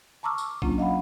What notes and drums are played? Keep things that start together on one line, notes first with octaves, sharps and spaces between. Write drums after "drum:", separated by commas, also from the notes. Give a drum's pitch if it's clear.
A5 A#5 C#6 D6 E6 F6
drum: tambourine
F#3 A#3 C#4 D4 F4, drum: kick A#1
D#5 F5 F#5 B5